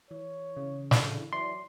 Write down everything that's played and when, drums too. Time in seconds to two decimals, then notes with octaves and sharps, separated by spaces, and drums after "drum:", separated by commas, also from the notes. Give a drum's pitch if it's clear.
0.11 E3 C#5
0.57 C#3
0.91 D3 D4 E4, drum: snare
1.33 E3 F#3 D5 C6